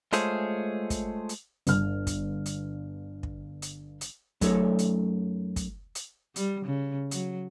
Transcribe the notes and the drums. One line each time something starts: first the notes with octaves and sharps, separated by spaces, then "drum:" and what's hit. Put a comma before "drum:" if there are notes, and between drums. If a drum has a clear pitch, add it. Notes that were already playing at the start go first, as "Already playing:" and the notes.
G#3 A3 F4 G#4 C5 C#5, drum: hi-hat
drum: kick, hi-hat
drum: hi-hat
G1 F6, drum: hi-hat
drum: kick, hi-hat
drum: hi-hat
drum: kick
drum: hi-hat
drum: hi-hat
F#2 F#3 A3 D#4 A4 C#5, drum: kick, hi-hat
drum: hi-hat
drum: kick, hi-hat
drum: hi-hat
G3, drum: hi-hat
C#3
F#3, drum: hi-hat